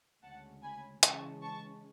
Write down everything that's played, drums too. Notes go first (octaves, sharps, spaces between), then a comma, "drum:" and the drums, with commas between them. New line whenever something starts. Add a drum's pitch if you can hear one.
D2 C#3 G#3 C#4 F#5 A5
G#5 B5
C#3 E3 G#3 C#4 A5 C#6, drum: hi-hat
A5 C#6